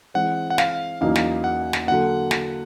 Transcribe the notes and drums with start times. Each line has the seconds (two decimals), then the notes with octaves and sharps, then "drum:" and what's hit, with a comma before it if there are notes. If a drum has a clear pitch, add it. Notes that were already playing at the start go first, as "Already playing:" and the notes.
0.14 E3 G#3 C4 F#5
0.50 F#5
0.58 F5, drum: snare
1.01 E2 C#3 F#3 A#3 D#4 F5
1.15 drum: snare
1.44 F#5
1.73 drum: snare
1.87 D3 F#3 A#3 F#5
2.31 drum: snare